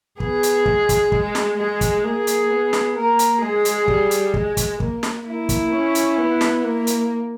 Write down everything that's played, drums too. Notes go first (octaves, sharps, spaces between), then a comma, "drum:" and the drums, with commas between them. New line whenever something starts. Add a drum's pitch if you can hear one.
B3 G#4, drum: kick
drum: hi-hat
G#3, drum: kick
drum: kick, hi-hat
G#3, drum: kick
drum: snare
G#3 G#4
drum: kick, hi-hat
A#3 G#4
drum: hi-hat
B3
drum: snare
A#3 A#4
drum: hi-hat
G#3 G#4
drum: hi-hat
G3, drum: kick
drum: hi-hat
G#3, drum: kick
drum: kick, hi-hat
A#3, drum: kick
drum: snare
A#3 E4
drum: kick, hi-hat
C#4
drum: hi-hat
B3
drum: snare
A#3
drum: hi-hat